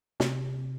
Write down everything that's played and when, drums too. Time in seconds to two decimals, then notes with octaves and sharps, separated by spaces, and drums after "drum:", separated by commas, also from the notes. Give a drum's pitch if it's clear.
0.20 C3, drum: snare